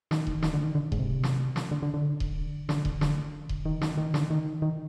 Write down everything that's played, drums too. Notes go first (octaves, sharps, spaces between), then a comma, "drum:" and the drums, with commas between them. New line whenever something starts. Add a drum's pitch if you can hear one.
D#3, drum: snare
drum: kick D#1
D#3, drum: snare
D3
D#3
D3
G#2, drum: kick D#1
C3
drum: snare
drum: snare
D3
D3
D3
drum: kick D#1
D3, drum: snare
drum: kick D#1
D3, drum: snare
drum: kick D#1
D#3
D#3, drum: snare
D#3
D3, drum: snare
D#3
D#3